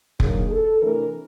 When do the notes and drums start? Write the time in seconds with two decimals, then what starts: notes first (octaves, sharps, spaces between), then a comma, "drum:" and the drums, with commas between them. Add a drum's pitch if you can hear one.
0.20 D#3 F#3 A#3 D4 G#4, drum: kick F1
0.51 A4
0.82 C3 E3 A3 D4 A#4